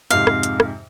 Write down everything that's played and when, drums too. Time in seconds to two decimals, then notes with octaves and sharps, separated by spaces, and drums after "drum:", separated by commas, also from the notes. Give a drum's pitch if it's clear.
0.11 F2 G#2 C3 F5, drum: hi-hat
0.27 drum: rim click
0.43 drum: hi-hat
0.60 drum: rim click